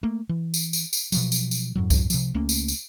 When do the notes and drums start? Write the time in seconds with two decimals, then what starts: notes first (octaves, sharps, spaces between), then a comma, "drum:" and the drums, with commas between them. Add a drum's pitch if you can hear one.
0.03 A3 A#3
0.29 E3
0.54 drum: tambourine
0.73 drum: tambourine
0.93 drum: tambourine
1.12 B2 F3 F#3, drum: tambourine
1.32 drum: tambourine
1.51 drum: tambourine
1.76 F2 G#2 F#3
1.90 drum: kick C2, tambourine
2.10 C3 F3, drum: tambourine
2.35 C#2 A3 A#3 C#4
2.49 drum: tambourine
2.68 drum: tambourine